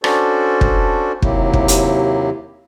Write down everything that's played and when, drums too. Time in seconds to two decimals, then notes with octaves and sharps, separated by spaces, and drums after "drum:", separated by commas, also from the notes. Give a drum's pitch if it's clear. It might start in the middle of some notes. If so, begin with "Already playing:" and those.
0.04 C#4 D4 F#4 A4 C5 D5, drum: rim click
0.61 drum: kick
1.22 D#2 C3 F#3 A#3 E4 G4, drum: kick
1.53 drum: kick
1.68 drum: hi-hat